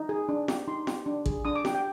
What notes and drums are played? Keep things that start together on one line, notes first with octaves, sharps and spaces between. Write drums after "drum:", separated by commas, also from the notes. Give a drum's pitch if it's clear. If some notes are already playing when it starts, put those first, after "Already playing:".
Already playing: D#4
G#4
D4
G4, drum: snare
D#4 C6
G4, drum: snare
D4
G#4, drum: kick
D4 D#6
D6
G4, drum: snare
G5